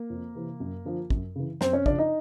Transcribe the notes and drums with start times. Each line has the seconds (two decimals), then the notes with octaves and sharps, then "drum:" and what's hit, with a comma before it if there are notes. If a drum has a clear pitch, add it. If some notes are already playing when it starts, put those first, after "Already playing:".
Already playing: A#3
0.10 F2
0.35 C3 E3
0.60 F#2
0.85 D3 F3
1.10 F#2, drum: kick
1.36 C#3 E3
1.61 F#2 C4 C5, drum: snare
1.73 C#4 C#5
1.86 C#3 F3 D4 D5, drum: kick
1.98 D#4 D#5